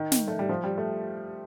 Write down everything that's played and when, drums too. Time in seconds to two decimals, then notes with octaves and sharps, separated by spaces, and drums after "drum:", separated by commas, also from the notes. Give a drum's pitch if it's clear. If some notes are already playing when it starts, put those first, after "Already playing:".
Already playing: D#3
0.12 drum: snare
0.28 A3
0.39 G3
0.49 F3
0.64 G3
0.78 A3